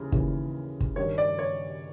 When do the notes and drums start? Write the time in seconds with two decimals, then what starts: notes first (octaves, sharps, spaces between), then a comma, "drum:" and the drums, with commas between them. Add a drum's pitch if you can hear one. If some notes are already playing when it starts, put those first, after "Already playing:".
Already playing: D#2 C#3 E3
0.12 D#2 C#3 E3, drum: kick
0.81 drum: kick
0.96 G2 D#3 C#5
1.18 D5
1.39 C#5